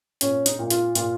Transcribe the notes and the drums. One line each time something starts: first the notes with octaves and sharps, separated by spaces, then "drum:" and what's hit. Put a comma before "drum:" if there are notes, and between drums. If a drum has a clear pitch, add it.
A#2 C#4, drum: hi-hat
D#4, drum: hi-hat
A#2
F4, drum: hi-hat
A#2 F4, drum: hi-hat